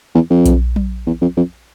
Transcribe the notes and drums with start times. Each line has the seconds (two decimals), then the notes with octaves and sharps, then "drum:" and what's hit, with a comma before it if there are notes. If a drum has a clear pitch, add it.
0.15 E2
0.30 F2
0.46 drum: kick B1, hi-hat
0.76 drum: tom F#3
1.07 E2
1.21 F2
1.37 F2